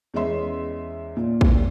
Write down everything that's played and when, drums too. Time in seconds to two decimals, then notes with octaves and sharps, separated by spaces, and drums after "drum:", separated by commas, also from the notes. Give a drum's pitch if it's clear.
0.14 E2 G#3 C#4 D#5 E5 C6
1.17 A#2
1.41 drum: kick